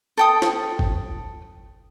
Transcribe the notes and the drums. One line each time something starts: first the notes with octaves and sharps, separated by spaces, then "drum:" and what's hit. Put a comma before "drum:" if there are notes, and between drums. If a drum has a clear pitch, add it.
A4 G5 D#6
drum: snare
drum: kick